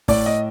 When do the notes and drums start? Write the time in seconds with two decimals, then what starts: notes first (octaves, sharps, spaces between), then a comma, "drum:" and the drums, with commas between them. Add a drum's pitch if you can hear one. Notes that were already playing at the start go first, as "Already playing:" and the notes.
0.08 A2 D5, drum: kick, open hi-hat
0.26 D#5